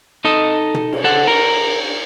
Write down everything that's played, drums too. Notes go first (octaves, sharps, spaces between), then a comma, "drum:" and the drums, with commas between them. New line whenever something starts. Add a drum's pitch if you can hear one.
D#4 A4 D#5
drum: tom
drum: cymbal
A4 F#5
A#4